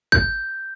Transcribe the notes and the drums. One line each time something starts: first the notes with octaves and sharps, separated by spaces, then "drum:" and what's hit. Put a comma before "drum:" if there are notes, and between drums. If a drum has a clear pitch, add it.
G6, drum: kick